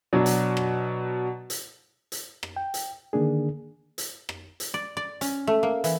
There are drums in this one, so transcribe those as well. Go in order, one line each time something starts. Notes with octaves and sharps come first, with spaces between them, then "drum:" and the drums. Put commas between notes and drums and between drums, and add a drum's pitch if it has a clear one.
B2 F#3 D4
drum: hi-hat
drum: rim click
drum: hi-hat
drum: hi-hat
drum: rim click
G5
drum: hi-hat
D3 D#3 A#3 D4 G#4
drum: hi-hat
drum: rim click
drum: hi-hat
D5
D5
C#4, drum: hi-hat
A3
A#3
E3, drum: hi-hat